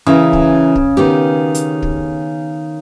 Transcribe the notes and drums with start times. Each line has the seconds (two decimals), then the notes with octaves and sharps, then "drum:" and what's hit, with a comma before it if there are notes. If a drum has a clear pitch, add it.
0.07 C#3 E3 E4 A#4
0.33 drum: kick
0.75 drum: kick
0.97 D#3 B3 G4
1.55 drum: hi-hat
1.82 drum: kick